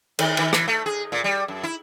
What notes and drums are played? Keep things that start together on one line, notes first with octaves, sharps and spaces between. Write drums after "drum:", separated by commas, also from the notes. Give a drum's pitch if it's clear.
D#3, drum: cymbal
D#3
E3, drum: rim click
A3
G#4
A#2
G3
F#2
E4